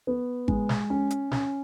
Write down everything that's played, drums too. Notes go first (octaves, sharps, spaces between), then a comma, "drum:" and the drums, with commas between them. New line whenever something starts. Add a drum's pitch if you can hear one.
B3
G#3, drum: kick G#1
drum: snare
C#4
drum: hi-hat
C#4, drum: snare